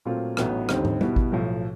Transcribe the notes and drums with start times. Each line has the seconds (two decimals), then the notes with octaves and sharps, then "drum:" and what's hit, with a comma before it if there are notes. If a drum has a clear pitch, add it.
0.05 A#2 F#3 A3 C4 F4
0.37 A1 A2 F#3 B3 D#4, drum: rim click
0.69 D#2 D3 G3 C4 D#4, drum: rim click
0.85 drum: tom
1.01 B2 G3 B3 E4, drum: tom
1.16 drum: kick G#1
1.32 B1 A2 F3